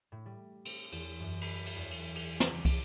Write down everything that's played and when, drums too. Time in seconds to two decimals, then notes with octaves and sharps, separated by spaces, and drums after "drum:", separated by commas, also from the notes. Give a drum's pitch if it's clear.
0.12 A2
0.26 G3
0.65 C4, drum: cymbal
0.92 E2, drum: cymbal
1.20 F#2
1.41 B5, drum: cymbal
1.66 drum: cymbal
1.76 E2
1.91 drum: cymbal
2.16 drum: cymbal
2.40 drum: snare
2.53 D6
2.65 drum: kick, cymbal